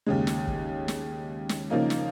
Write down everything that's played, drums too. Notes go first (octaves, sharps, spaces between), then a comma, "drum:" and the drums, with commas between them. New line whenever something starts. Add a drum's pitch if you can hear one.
D#2 C#3 G#3
drum: snare
drum: kick
drum: snare
drum: snare
C#3 F3 A#3 D#4
drum: snare